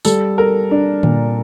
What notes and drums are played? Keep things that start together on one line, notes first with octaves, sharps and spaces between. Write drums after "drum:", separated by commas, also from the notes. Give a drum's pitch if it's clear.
G3 A4, drum: tambourine
A4 A#4
D4
A#2, drum: tom D3